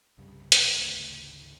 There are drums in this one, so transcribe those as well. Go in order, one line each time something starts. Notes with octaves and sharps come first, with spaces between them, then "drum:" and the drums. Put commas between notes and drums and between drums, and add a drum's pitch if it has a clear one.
C2 G2 C#3 G3
drum: hi-hat
G#1 D2 A2 C#3